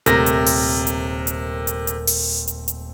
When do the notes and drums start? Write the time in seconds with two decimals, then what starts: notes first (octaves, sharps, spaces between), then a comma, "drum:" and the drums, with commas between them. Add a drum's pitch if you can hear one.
0.06 D#1 C3 A3 C4 A#4 A#6, drum: hi-hat
0.26 drum: hi-hat
0.46 drum: open hi-hat
0.87 drum: hi-hat
1.27 drum: hi-hat
1.67 drum: hi-hat
1.87 drum: hi-hat
2.07 drum: open hi-hat
2.48 drum: hi-hat
2.68 drum: hi-hat